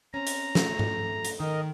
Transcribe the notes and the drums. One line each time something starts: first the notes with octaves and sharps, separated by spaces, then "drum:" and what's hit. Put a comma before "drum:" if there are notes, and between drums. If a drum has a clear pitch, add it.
C4 C#4 A#5
drum: hi-hat
A3, drum: snare
drum: tom G#2
drum: hi-hat
D#3 A#4 D#5